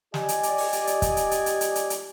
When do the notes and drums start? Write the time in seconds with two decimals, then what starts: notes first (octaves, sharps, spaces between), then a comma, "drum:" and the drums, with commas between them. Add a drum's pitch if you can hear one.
0.14 G4 D5 D#5 G#5, drum: snare
0.29 drum: hi-hat
0.43 drum: hi-hat
0.58 drum: open hi-hat
0.73 drum: hi-hat
0.87 drum: hi-hat
1.02 drum: kick, hi-hat
1.17 drum: hi-hat
1.31 drum: hi-hat
1.46 drum: hi-hat
1.61 drum: hi-hat
1.75 drum: hi-hat
1.90 drum: hi-hat